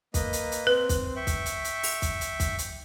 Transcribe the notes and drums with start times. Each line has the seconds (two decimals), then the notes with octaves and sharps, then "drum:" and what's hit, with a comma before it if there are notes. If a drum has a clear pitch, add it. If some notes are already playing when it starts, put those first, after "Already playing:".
0.14 A#3 B4 D#5, drum: kick, hi-hat
0.33 drum: hi-hat
0.52 drum: hi-hat
0.67 C4 B4
0.89 drum: kick, hi-hat
1.16 E5 G5 C#6
1.27 drum: kick, hi-hat
1.46 drum: hi-hat
1.64 drum: hi-hat
1.83 drum: open hi-hat
2.02 drum: kick, hi-hat
2.21 drum: hi-hat
2.40 drum: kick, hi-hat
2.58 drum: hi-hat